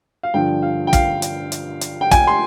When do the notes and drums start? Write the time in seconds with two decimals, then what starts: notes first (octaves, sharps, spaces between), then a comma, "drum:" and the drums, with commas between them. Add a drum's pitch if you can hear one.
0.23 F5
0.34 G2 D3 F3 G5
0.62 F5
0.87 G5
0.93 F5, drum: kick, hi-hat
1.22 drum: hi-hat
1.52 drum: hi-hat
1.81 drum: hi-hat
2.01 G5
2.11 G#5, drum: kick, hi-hat
2.27 C6